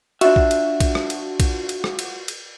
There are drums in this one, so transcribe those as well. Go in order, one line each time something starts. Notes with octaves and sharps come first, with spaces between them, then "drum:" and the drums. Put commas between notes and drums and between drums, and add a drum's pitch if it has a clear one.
D4 F4 F#4 E5, drum: cymbal
drum: kick A#1
drum: cymbal
drum: kick A#1, cymbal
drum: rim click
drum: cymbal
drum: kick A#1, cymbal
drum: cymbal
drum: rim click
drum: cymbal
drum: cymbal